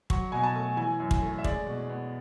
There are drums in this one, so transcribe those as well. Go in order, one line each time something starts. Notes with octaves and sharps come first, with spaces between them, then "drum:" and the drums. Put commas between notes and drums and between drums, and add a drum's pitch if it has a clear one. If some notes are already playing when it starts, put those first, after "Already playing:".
F#3 C#6, drum: kick
B2 G#5
A5
A3
E3 G#5
F#2
drum: kick
A3
E5
G#3 D5, drum: kick
B2
B3